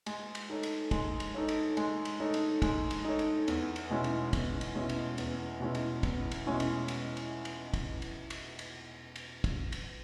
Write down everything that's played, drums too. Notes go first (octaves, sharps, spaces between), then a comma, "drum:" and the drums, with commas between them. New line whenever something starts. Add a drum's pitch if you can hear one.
G#3, drum: cymbal
drum: cymbal
D#4 A4 C#5
drum: cymbal
G#3, drum: kick, cymbal
drum: cymbal
D#4 A4 C#5
drum: cymbal
G#3, drum: cymbal
drum: cymbal
D#4 A4 C#5
drum: cymbal
G#3, drum: kick, cymbal
drum: cymbal
D#4 A4 C#5
drum: cymbal
E2, drum: cymbal
drum: cymbal
B2 G#3 C#4 E4
drum: cymbal
E2, drum: kick, cymbal
drum: cymbal
B2 G#3 C#4 E4
drum: cymbal
E2, drum: cymbal
B2 G#3 C#4 E4
drum: cymbal
E2, drum: kick, cymbal
drum: cymbal
B2 G#3 C#4 E4
drum: cymbal
drum: cymbal
drum: cymbal
drum: cymbal
drum: kick, cymbal
drum: cymbal
drum: cymbal
drum: cymbal
drum: cymbal
drum: kick, cymbal
drum: cymbal